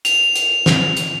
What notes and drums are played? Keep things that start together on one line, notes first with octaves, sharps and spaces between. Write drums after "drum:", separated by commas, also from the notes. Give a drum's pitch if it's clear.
F7, drum: hi-hat
drum: hi-hat
drum: snare
drum: hi-hat